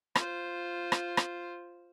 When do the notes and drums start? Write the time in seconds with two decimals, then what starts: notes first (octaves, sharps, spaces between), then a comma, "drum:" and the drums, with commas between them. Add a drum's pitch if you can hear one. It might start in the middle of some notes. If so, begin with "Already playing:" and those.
0.15 F4 C5, drum: rim click
0.92 drum: rim click
1.17 drum: rim click